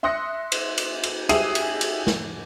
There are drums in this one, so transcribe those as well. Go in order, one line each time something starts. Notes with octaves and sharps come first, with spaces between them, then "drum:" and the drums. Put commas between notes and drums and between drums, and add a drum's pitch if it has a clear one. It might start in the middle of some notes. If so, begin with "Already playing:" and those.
E5 C6 D#6 F#6 A#6 C#7
drum: cymbal
drum: cymbal
drum: cymbal
G4 G#4 E5 D#6 C7 D#7, drum: cymbal
drum: cymbal
drum: cymbal
drum: snare